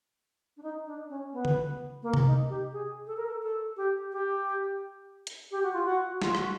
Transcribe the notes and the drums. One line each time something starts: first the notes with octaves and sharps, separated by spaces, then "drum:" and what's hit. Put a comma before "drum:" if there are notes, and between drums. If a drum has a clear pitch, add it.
D4
D#4
D4
C#4
B3
drum: tom C#3
A#3
drum: tom C3
D#4
G4
G#4
A4
A#4
A4
A4
G4
G4
drum: hi-hat
G4
F#4
F4
F#4
F4, drum: snare
F#4, drum: rim click